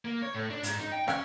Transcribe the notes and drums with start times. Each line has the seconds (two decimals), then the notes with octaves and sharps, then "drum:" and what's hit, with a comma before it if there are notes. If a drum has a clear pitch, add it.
0.05 A#3
0.22 C#5
0.35 A2
0.50 D4
0.63 G#2, drum: hi-hat
0.80 D#4
0.92 G5
1.08 C#4, drum: rim click